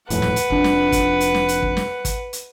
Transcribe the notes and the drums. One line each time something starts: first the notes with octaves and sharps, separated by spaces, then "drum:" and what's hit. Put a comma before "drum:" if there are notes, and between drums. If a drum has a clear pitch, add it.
D#1 F2 A2 B4 F#5, drum: hi-hat
drum: snare
drum: hi-hat
F1 D4, drum: kick
drum: snare
drum: kick, hi-hat
drum: hi-hat
drum: snare
drum: hi-hat
drum: kick
drum: snare
drum: kick, hi-hat
drum: hi-hat